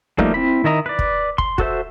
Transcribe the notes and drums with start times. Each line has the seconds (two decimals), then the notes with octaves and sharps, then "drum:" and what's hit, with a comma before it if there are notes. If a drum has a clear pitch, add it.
0.18 F3 G3 A3 A#3 D#4, drum: kick
0.34 C4 E4 B5
0.64 D#3 E4 D#5 A#5
0.86 B4 D5
0.99 drum: kick
1.38 C6, drum: kick
1.58 F#4 A4 C5 E5, drum: kick